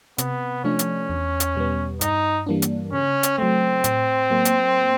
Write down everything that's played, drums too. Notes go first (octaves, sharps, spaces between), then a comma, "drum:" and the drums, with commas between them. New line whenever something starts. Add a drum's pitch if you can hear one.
C3 B3, drum: hi-hat
F3 A3 C#4 D4
drum: hi-hat
E2
drum: hi-hat
B2 G3 B3
G2 D#4, drum: hi-hat
E3 G3 A#3 D4
drum: hi-hat
C#3 C#4
drum: hi-hat
F#3 A3 C4
A2, drum: hi-hat
F#3 A#3
drum: hi-hat